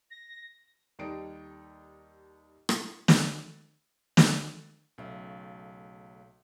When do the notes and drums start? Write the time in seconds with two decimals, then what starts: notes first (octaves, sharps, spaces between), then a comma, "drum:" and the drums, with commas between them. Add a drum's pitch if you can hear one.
0.10 A#6
0.99 D#2 G3 D#4 A4 D7
2.69 drum: rim click
3.08 drum: snare
4.17 drum: snare
4.98 B1 C#3 A3